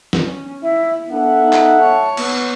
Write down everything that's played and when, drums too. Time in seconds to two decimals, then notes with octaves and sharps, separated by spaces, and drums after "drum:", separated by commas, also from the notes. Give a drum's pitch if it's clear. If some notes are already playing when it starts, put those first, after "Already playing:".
0.13 drum: snare
0.22 C#4
0.63 E4 E5
1.10 B3 D4 A4 E5 F#5
1.43 D#4
1.53 drum: clap
1.80 C#5 A5
2.17 B3, drum: cymbal